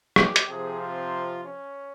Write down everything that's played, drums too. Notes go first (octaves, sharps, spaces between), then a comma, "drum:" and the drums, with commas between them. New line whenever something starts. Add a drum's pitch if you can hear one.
G4, drum: rim click
drum: hi-hat
C3 F3 C4 G#4
F4
C#4